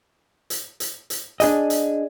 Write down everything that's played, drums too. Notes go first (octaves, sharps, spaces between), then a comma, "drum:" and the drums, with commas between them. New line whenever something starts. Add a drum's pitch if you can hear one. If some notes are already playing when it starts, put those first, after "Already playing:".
drum: hi-hat
drum: hi-hat
drum: hi-hat
D4 G#4 D#5, drum: hi-hat
drum: hi-hat